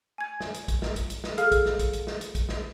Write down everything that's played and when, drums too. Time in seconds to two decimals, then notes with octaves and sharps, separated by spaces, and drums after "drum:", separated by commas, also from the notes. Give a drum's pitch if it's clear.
0.18 G#5 G#6
0.40 drum: snare
0.54 drum: hi-hat
0.68 drum: kick, hi-hat
0.82 drum: snare
0.96 drum: kick, hi-hat
1.10 drum: hi-hat
1.24 drum: snare
1.38 G#4 A4 F5 F6, drum: hi-hat
1.52 drum: kick, hi-hat
1.65 drum: snare
1.79 drum: kick, hi-hat
1.93 drum: hi-hat
2.07 drum: snare
2.21 drum: hi-hat
2.35 drum: kick, hi-hat
2.49 drum: snare